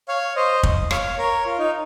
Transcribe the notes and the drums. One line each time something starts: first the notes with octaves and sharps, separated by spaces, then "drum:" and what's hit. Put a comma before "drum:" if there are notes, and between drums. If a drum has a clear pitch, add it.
C#5 F5
C5 D#5
drum: kick
C#5 F5, drum: rim click
A#4 C#5
F4
D#4